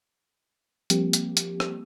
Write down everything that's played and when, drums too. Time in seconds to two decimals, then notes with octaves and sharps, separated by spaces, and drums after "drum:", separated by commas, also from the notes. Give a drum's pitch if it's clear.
0.90 F3 G3 A#3 C4 G4, drum: hi-hat
1.13 drum: hi-hat
1.37 drum: hi-hat
1.60 drum: rim click